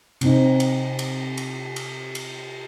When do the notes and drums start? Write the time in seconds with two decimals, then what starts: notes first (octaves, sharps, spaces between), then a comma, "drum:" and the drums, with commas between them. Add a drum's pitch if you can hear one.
0.21 C3 C4 D#4, drum: cymbal
0.60 drum: cymbal
0.99 drum: cymbal
1.38 drum: cymbal
1.76 drum: cymbal
2.15 drum: cymbal